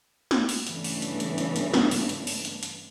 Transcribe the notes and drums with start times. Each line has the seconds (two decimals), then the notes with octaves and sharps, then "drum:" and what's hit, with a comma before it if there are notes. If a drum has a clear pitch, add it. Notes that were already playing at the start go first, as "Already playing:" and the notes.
0.31 drum: snare
0.49 drum: open hi-hat
0.67 G2 C#3 E3 A3 B3 D4, drum: hi-hat
0.84 drum: open hi-hat
1.02 drum: hi-hat
1.20 drum: hi-hat
1.38 drum: hi-hat
1.56 drum: hi-hat
1.74 drum: snare
1.91 drum: open hi-hat
2.09 drum: hi-hat
2.27 drum: open hi-hat
2.45 drum: hi-hat
2.63 drum: hi-hat